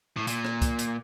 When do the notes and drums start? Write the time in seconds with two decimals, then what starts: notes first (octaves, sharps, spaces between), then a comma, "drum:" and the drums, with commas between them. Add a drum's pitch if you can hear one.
0.17 A2
0.27 A#2, drum: hi-hat
0.45 drum: rim click
0.62 drum: kick, hi-hat
0.79 drum: hi-hat